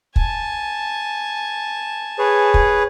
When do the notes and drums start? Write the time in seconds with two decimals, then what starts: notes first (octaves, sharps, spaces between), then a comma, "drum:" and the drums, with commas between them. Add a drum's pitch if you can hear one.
0.16 G#5 A5, drum: kick
2.19 G#4 B4 C#5
2.54 drum: kick